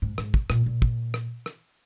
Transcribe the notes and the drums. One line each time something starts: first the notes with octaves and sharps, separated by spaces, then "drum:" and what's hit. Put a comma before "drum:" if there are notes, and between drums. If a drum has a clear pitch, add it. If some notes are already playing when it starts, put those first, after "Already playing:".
G#2
G#2, drum: rim click
drum: kick
A#2, drum: rim click
A#2
drum: kick
drum: rim click
drum: rim click